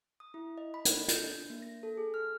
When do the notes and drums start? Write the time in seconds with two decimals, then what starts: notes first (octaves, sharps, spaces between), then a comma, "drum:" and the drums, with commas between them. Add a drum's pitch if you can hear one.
0.20 D#6
0.34 E4
0.58 D#5
0.74 B5
0.85 drum: hi-hat
1.08 G6, drum: hi-hat
1.24 D4
1.50 A#3
1.62 A#6
1.83 A4
1.97 G#4
2.14 F6